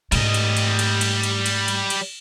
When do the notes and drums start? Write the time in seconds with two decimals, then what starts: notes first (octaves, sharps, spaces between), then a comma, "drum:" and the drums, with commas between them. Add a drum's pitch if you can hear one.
0.12 G#2 G3 A3 D#5, drum: cymbal
0.34 drum: cymbal
0.57 drum: cymbal
0.79 drum: cymbal
1.01 drum: cymbal
1.23 drum: cymbal
1.46 drum: cymbal
1.68 drum: cymbal
1.90 drum: cymbal